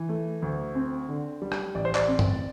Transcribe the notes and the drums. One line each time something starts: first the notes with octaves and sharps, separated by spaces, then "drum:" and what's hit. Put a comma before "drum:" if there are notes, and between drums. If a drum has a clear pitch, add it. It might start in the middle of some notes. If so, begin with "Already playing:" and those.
Already playing: E3
A3
D2
C4
D3
G3
drum: rim click
A1 D5
C5
D5, drum: clap
C4
drum: tom